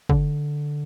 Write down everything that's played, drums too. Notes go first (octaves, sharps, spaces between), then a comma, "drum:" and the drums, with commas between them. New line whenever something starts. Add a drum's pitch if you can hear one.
D3, drum: kick